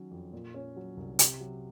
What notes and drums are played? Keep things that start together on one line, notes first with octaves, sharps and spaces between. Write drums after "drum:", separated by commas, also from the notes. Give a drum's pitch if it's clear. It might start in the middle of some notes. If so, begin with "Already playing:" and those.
Already playing: D#3 F#3 C#4
F2
A#2
C#4
F#3
C2
C3, drum: hi-hat
F#3